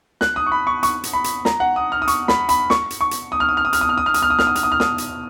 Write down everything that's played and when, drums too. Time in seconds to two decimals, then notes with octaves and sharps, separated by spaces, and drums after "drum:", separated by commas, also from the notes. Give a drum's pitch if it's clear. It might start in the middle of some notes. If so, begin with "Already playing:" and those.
0.21 F#6, drum: snare
0.36 D#6
0.46 C#6
0.52 B5
0.67 C#6
0.83 C#6, drum: hi-hat
1.04 drum: hi-hat
1.13 B5
1.24 drum: hi-hat
1.45 A#5, drum: snare
1.60 F#5
1.76 D#6
1.92 F6
2.02 D#6
2.08 C#6, drum: hi-hat
2.28 B5, drum: snare
2.49 B5, drum: hi-hat
2.70 C#6, drum: snare
2.90 drum: hi-hat
3.01 C#6
3.11 drum: hi-hat
3.32 D#6
3.40 F6
3.49 D#6
3.57 F6
3.65 D#6
3.73 F6, drum: hi-hat
3.81 D#6
3.89 F6
3.97 D#6
4.06 F6
4.14 D#6, drum: hi-hat
4.22 F6
4.30 D#6
4.39 F6, drum: snare
4.47 D#6
4.55 F6, drum: hi-hat
4.63 D#6
4.72 F6
4.80 D#6, drum: snare
4.98 drum: hi-hat